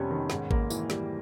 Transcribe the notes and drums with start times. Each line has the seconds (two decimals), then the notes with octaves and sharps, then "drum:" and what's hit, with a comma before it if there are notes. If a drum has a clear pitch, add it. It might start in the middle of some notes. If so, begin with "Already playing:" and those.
Already playing: F2 C3 G3 B3 C#4
0.11 D#3
0.30 G#2, drum: snare
0.51 A#3, drum: kick A1
0.70 E3, drum: tambourine
0.90 G3, drum: snare